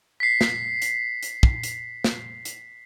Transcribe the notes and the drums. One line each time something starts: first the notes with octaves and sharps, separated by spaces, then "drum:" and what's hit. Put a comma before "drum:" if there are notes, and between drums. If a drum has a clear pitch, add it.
B6 C7
drum: snare
drum: hi-hat
drum: hi-hat
drum: kick
drum: hi-hat
drum: snare
drum: hi-hat